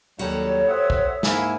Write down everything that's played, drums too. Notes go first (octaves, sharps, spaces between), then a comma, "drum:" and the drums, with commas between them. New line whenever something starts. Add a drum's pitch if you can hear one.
D#2 F#3 G3 F#4 G4 A4 C#5
C5 E5 F#5 D#6
drum: kick
G#2 A#3 E4 F5 G#5, drum: snare